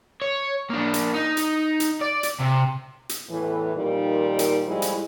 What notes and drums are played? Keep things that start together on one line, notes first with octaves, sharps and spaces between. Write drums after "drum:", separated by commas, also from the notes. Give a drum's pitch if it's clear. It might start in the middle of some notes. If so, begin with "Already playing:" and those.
C#5
A#3 D4
drum: hi-hat
D#4
drum: hi-hat
drum: hi-hat
D5
drum: hi-hat
C3
drum: hi-hat
E2 A2 E3
F2 A#2 D#3 G3 D#4
drum: hi-hat
A2 F3 G3 G#3 E4
drum: hi-hat